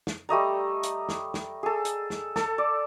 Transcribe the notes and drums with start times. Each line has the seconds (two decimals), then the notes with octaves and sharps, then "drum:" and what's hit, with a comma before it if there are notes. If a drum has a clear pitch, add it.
0.07 drum: snare
0.29 G3 A3 D#5 A#5
0.83 drum: hi-hat
1.09 drum: snare
1.34 drum: snare
1.63 G#4 A4
1.85 drum: hi-hat
2.10 drum: snare
2.36 A4, drum: snare
2.58 D5